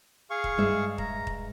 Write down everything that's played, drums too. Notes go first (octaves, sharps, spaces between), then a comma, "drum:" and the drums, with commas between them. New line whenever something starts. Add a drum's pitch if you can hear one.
G#4 F5 C#6
drum: kick D#1
G2 G#3 E5
A#5, drum: kick D#1
drum: kick D#1